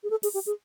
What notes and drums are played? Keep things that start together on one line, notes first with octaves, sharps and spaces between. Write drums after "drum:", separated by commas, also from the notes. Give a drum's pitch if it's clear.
G#4
A4
G#4, drum: open hi-hat
G4
G#4